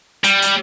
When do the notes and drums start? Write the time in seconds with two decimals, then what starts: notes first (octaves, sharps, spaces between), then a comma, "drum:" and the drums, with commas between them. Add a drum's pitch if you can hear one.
0.24 G3, drum: hi-hat
0.42 drum: hi-hat